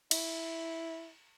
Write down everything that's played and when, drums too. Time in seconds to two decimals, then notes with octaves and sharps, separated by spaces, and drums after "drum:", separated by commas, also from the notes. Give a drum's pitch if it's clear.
0.11 E4, drum: cymbal